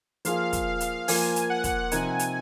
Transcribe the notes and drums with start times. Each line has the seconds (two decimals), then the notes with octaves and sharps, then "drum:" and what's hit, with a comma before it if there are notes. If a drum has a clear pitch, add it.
0.25 F3 A#3 F4 G#4 F5, drum: hi-hat
0.53 drum: kick, hi-hat
0.80 drum: hi-hat
1.08 F3 A#3 F4 G#5, drum: open hi-hat
1.36 drum: hi-hat
1.50 F#5
1.64 drum: kick, hi-hat
1.92 C3 F3 C4 D#4 A#4 G#5, drum: hi-hat
2.19 drum: hi-hat